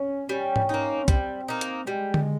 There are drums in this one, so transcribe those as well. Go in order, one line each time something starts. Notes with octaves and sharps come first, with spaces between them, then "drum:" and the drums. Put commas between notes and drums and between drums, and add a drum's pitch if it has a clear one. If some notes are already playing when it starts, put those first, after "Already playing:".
Already playing: C#4
G3 C#4
drum: tom G#2
A#3 D#4
G3 C4, drum: kick, hi-hat
A#3 D#4
drum: hi-hat
G3 G#3
drum: tom D3